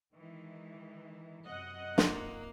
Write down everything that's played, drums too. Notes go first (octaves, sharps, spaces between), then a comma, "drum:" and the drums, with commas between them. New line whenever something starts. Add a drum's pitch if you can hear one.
D#3 E3 G#3
F#2 C3 D#5 F#5
A#3 D#4 F4 D5, drum: snare